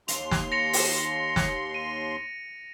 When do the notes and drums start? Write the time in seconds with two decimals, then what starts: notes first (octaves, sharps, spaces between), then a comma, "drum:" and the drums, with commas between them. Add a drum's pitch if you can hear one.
0.08 D#2 C6 F7, drum: hi-hat
0.31 drum: snare
0.52 A#6 C#7 F7
0.73 drum: open hi-hat
1.36 drum: snare
1.74 D#7